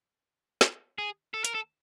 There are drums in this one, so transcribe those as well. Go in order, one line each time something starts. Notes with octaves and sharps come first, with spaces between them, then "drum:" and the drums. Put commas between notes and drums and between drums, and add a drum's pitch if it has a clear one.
drum: snare
G#4
A4
A#4, drum: hi-hat
A4